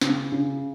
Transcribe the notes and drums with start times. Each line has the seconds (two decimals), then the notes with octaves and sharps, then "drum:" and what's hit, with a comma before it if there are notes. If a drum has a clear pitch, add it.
0.01 C#3, drum: snare
0.32 C#3